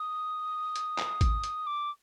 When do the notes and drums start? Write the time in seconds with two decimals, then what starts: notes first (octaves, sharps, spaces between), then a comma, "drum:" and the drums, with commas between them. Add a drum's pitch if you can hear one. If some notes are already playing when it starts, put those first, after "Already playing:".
Already playing: D#6
0.76 drum: hi-hat
0.98 drum: clap
1.21 drum: kick A1, hi-hat
1.44 drum: hi-hat
1.67 D6